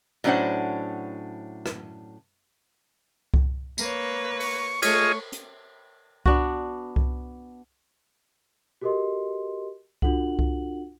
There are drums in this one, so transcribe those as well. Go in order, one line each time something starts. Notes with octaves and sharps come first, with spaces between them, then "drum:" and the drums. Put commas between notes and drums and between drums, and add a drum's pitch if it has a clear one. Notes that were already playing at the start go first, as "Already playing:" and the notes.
A2 F#3 C#4 D4 C5 F#5
drum: rim click
drum: kick C2
A#3 B4 C#5, drum: tambourine
C#6, drum: open hi-hat
A3 F4 G#4 C#5 D#5 C#6, drum: cymbal
drum: hi-hat
B3 D4 F#4, drum: kick C2
drum: kick C2
F#4 G4 A4 A#4 D#5 C6
D4 F4 F#4 A4 F#5 F#7, drum: kick C2
drum: kick C2